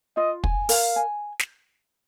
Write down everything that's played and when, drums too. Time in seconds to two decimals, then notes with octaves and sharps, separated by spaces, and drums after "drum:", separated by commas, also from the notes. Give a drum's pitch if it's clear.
0.17 F4 D#5
0.44 G#5, drum: kick
0.69 A#4 F5, drum: open hi-hat
0.96 G#5
1.40 drum: snare